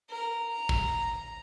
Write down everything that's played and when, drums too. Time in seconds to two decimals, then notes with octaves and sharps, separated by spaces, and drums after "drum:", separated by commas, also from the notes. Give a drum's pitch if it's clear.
0.10 A#4
0.49 A#5
0.69 drum: kick